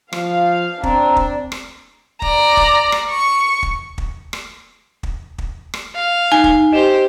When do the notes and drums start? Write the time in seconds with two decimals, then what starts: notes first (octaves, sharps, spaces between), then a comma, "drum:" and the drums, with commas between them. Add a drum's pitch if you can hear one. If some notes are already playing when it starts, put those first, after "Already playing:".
0.13 F3 F5, drum: rim click
0.83 C4 D4 A#5, drum: kick
1.16 drum: kick
1.52 drum: rim click
2.22 D5 A#5, drum: kick
2.57 drum: kick
2.92 drum: rim click
3.10 C#6
3.63 drum: kick
3.98 drum: kick
4.33 drum: rim click
5.03 drum: kick
5.38 drum: kick
5.74 drum: rim click
5.95 F5
6.32 D#4 G#5
6.44 drum: kick
6.73 G4 C5 D#5 E7